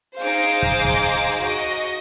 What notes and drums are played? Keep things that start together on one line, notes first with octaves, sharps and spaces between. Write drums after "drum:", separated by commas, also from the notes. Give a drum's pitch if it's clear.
D#4 G#4 C5 F5 D6, drum: hi-hat
drum: hi-hat
drum: kick, hi-hat
drum: kick, hi-hat
drum: hi-hat
drum: open hi-hat
F#4 D#5
drum: hi-hat